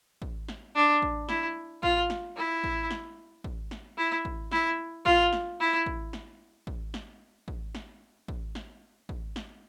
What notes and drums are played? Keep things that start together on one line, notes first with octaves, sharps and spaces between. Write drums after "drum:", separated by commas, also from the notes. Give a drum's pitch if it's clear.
drum: kick
drum: snare
D4
drum: kick
E4, drum: snare
F4, drum: kick
drum: snare
E4
drum: kick
drum: snare
drum: kick
drum: snare
E4
drum: kick
E4, drum: snare
F4, drum: kick
drum: snare
E4
drum: kick
drum: snare
drum: kick
drum: snare
drum: kick
drum: snare
drum: kick
drum: snare
drum: kick
drum: snare